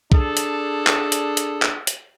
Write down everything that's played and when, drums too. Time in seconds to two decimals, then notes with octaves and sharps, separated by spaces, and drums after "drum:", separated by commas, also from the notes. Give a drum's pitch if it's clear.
0.12 D4 G#4 A4, drum: kick
0.37 drum: hi-hat
0.87 drum: clap
1.12 drum: hi-hat
1.37 drum: hi-hat
1.62 drum: clap
1.87 drum: hi-hat